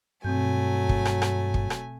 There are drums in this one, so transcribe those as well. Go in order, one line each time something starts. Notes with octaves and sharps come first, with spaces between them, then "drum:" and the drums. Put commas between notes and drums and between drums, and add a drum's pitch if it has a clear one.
G2 B2 F#3 A3 C4 G#5 G6
drum: kick
drum: rim click
drum: rim click
drum: kick
drum: rim click